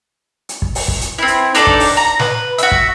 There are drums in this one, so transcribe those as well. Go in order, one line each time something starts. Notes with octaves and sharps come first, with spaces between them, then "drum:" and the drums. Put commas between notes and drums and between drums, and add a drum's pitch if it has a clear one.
drum: hi-hat
drum: kick
drum: open hi-hat
drum: kick
drum: hi-hat
C4 E4
drum: hi-hat
D4 D#4 A4 D5, drum: hi-hat
drum: kick
drum: open hi-hat
A#5
B4, drum: snare
F#4 E5, drum: hi-hat
drum: kick